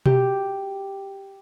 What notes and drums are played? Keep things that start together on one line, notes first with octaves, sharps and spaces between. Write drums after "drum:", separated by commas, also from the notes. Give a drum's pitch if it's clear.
G4, drum: tom B2